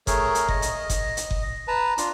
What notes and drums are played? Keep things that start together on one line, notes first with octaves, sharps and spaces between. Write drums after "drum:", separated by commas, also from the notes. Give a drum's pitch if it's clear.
A3 G#4 A#4 C#5, drum: kick F#1, hi-hat
drum: hi-hat
D#5, drum: kick F#1
drum: hi-hat
drum: kick F#1, hi-hat
drum: hi-hat
drum: kick F#1
B4 A5 A#5
D4 F4, drum: hi-hat